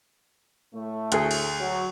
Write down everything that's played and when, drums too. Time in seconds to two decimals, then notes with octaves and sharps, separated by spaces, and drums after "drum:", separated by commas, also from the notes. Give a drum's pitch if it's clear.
0.74 A2 A3
1.12 D2 G#4, drum: hi-hat
1.31 drum: cymbal
1.60 F#3